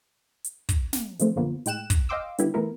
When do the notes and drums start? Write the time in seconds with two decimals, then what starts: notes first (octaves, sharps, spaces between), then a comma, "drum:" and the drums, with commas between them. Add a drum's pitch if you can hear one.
0.44 drum: hi-hat
0.69 drum: kick, hi-hat
0.93 drum: snare
1.19 C3 D#3 F3 A3 C4, drum: hi-hat
1.36 B1 F#2 D3 F3 A#3 B3
1.66 A2 G#3 G5 F#6 E7, drum: hi-hat
1.90 drum: kick, hi-hat
2.09 D#5 F5 G5 C6 D6 E6
2.38 D3 D#3 G3 B3 E4 G4, drum: hi-hat
2.54 E3 A3 B3 E4 A#4